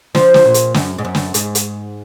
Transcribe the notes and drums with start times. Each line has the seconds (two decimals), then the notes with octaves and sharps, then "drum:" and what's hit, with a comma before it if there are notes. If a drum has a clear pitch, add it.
0.15 F3, drum: snare
0.34 drum: snare
0.45 A#2
0.54 drum: hi-hat
0.74 F#2, drum: snare
0.98 G#2
1.05 F#2
1.15 drum: snare
1.34 G#2, drum: hi-hat
1.55 drum: hi-hat